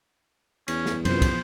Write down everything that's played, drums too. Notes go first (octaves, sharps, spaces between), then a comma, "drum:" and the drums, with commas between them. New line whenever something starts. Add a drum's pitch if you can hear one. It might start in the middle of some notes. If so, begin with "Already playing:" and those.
E2 C#4, drum: cymbal
drum: snare
F#2 C3 F3 B3 C5, drum: cymbal
drum: kick, cymbal